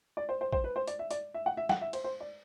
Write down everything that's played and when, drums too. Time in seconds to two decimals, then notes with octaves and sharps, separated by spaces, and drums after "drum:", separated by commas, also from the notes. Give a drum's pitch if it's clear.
0.17 D5
0.29 C5
0.41 C5
0.52 C5, drum: kick A#1
0.64 B4
0.76 C5
0.87 D5, drum: hi-hat
0.99 E5
1.11 D5, drum: hi-hat
1.34 E5
1.46 F#5
1.57 E5
1.69 F#5, drum: snare
1.81 E5
1.93 C5, drum: cymbal
2.04 C5
2.20 D5